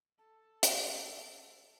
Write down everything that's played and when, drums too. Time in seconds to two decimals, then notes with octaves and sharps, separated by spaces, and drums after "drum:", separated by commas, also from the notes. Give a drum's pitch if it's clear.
0.18 A4 A5
0.63 drum: hi-hat